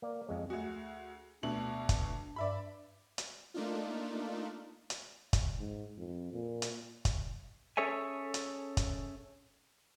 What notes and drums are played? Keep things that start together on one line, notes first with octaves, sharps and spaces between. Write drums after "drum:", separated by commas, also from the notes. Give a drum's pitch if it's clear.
A#3 D5
F2 G#3 C#5
D2 F#4 G#4
D2 B2 D4 F#7
drum: kick, hi-hat
G2 D5 E5 B5
drum: hi-hat
A3 A#3 D4 D#4 F4
drum: hi-hat
drum: kick, hi-hat
G#2
F2
A#2
drum: hi-hat
drum: kick, hi-hat
C#4 G#4 A4 C#5 E5 G#5
drum: hi-hat
drum: kick, hi-hat